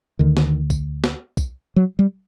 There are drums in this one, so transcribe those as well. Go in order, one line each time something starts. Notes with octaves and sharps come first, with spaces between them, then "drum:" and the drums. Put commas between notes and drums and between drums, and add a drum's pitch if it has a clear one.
D2 D3 D#3
drum: snare
drum: kick, tambourine
drum: snare
drum: kick, tambourine
F#3
G3